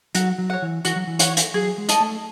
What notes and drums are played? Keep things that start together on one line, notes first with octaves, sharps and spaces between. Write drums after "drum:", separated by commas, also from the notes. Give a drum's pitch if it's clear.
F#3 F#4, drum: hi-hat
F#3
C#5 F#5
E3
E3 F#4, drum: hi-hat
F#3
E3
C#5 F#5, drum: hi-hat
drum: hi-hat
F#3 G#4
G#3
D#5 A5, drum: hi-hat
A3